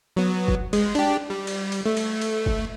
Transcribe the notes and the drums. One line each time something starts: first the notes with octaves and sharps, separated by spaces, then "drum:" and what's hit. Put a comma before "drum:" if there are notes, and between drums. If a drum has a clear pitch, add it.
F#3 B3
drum: kick
G#3, drum: cymbal
D4 G4, drum: cymbal
G3
drum: cymbal
drum: cymbal
A3
drum: cymbal
drum: cymbal
drum: kick